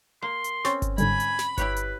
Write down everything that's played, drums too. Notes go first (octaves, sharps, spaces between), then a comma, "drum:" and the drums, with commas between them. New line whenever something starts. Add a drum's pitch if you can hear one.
A#3 C6
drum: hi-hat
C4 C#4 C#6 A6 C7, drum: snare
drum: kick G1, hi-hat
G#2 D3 G3 G#5 B5, drum: hi-hat
drum: hi-hat
drum: snare
E4 G4 B4 C#5, drum: kick G1, hi-hat
drum: hi-hat